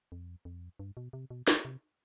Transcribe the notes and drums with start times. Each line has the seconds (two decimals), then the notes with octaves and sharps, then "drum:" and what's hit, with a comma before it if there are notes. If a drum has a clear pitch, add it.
0.12 F2
0.45 F2
0.79 G2
0.97 B2
1.13 C3
1.30 B2
1.48 drum: snare
1.65 C3